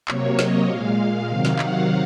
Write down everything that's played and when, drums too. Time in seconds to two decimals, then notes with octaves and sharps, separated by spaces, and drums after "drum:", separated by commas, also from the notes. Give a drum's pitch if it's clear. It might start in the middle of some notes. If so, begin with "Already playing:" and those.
0.08 C3 F#3 A#3 C#5, drum: clap
0.39 D#5, drum: snare
0.69 A#2 G#3 F5
1.29 C3 D#3 F#3
1.45 drum: snare
1.59 F#5, drum: clap